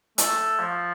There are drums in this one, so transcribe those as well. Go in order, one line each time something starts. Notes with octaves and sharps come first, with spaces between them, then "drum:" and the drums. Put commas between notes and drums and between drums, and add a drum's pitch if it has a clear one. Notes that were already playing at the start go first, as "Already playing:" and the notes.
A3, drum: hi-hat
F3